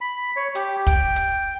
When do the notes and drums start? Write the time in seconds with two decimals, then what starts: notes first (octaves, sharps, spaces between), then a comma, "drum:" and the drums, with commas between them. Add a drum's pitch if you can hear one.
0.01 B5
0.36 C#5
0.55 G4, drum: hi-hat
0.87 G5, drum: kick, hi-hat
1.16 drum: hi-hat